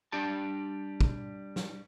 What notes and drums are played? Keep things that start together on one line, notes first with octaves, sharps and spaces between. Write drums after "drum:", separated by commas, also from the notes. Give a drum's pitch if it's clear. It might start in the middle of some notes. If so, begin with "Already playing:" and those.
G3 D4 G4 A5
drum: kick
drum: snare